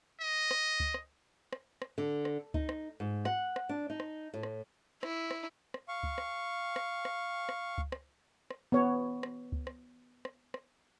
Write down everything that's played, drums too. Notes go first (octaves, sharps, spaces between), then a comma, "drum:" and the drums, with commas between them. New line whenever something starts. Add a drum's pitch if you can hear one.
D#5
drum: rim click
drum: kick C#2
drum: rim click
drum: rim click
drum: rim click
D3
drum: rim click
D#4, drum: kick C#2
drum: rim click
G#2
F#5, drum: rim click
drum: rim click
D4
D#4
drum: rim click
A2
drum: rim click
E4, drum: rim click
drum: rim click
drum: rim click
F5 C#6
drum: kick C#2
drum: rim click
drum: rim click
drum: rim click
drum: rim click
drum: kick C#2
drum: rim click
drum: rim click
B3 C#5
drum: rim click
drum: kick C#2
drum: rim click
drum: rim click
drum: rim click